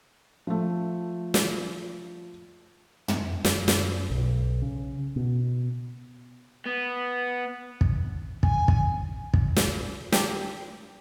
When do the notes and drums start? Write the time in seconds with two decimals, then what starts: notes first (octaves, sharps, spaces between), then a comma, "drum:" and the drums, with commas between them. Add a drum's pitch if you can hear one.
0.47 F3 A3
1.34 drum: snare
3.08 drum: tom
3.45 F#2, drum: snare
3.68 drum: snare
4.10 B1
4.62 C#3
5.16 B2
6.66 B3
7.81 drum: kick
8.43 G#5, drum: kick
8.68 drum: kick
9.34 drum: kick
9.56 drum: snare
10.12 G4, drum: snare